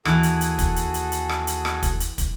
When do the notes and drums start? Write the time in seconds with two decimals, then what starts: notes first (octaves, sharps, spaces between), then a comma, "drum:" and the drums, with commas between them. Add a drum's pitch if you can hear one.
0.05 D#2 E3 F#4 G#4 A4, drum: rim click
0.23 drum: hi-hat
0.41 drum: hi-hat
0.59 drum: kick, hi-hat
0.76 drum: hi-hat
0.94 drum: hi-hat
1.12 drum: hi-hat
1.29 drum: rim click
1.47 drum: hi-hat
1.65 drum: rim click
1.83 drum: kick, hi-hat
2.00 drum: hi-hat
2.18 drum: kick, hi-hat